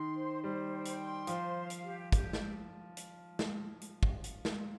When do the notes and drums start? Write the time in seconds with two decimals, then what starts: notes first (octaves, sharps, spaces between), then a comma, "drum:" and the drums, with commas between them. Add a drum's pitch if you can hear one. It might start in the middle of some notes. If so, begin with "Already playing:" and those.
Already playing: D#3 C6
0.14 C5
0.43 G3 C5
0.71 G5
0.85 drum: hi-hat
1.00 C6
1.27 F3 C5, drum: hi-hat
1.56 F5
1.70 drum: hi-hat
1.84 G4
2.12 G4, drum: kick, hi-hat
2.33 drum: snare
2.97 drum: hi-hat
3.39 drum: snare
3.81 drum: hi-hat
4.03 drum: kick
4.24 drum: hi-hat
4.45 drum: snare